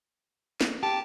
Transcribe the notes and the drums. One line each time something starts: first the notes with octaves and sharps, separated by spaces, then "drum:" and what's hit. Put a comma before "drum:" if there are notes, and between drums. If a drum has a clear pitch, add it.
drum: snare
G4 A5